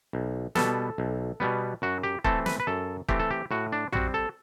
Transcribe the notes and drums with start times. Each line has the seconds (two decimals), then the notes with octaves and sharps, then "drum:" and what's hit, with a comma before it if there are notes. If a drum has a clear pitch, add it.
0.13 B1
0.55 B2 G3 B3 A4, drum: snare
0.98 B1
1.40 B2 G3 B3
1.82 F#2 F#4
2.03 G4
2.24 E3 A3 C4 A4, drum: kick
2.46 B4, drum: snare
2.60 B4
2.67 F#2 A4
3.09 E3 A3 C4 G4, drum: kick
3.20 A4
3.31 G4
3.51 A2 F#4
3.72 D4
3.93 G3 C4 F#4, drum: tom A#1
4.14 A4